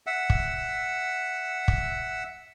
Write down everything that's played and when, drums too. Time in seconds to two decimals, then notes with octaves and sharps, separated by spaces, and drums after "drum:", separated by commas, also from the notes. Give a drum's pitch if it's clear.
0.07 E5 F#5
0.30 drum: kick
1.68 drum: kick